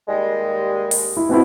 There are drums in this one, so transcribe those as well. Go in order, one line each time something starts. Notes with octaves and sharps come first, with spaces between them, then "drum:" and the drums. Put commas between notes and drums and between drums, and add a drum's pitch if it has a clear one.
D#2 G3 G#3
drum: open hi-hat
E4
B2 B3 C4 E4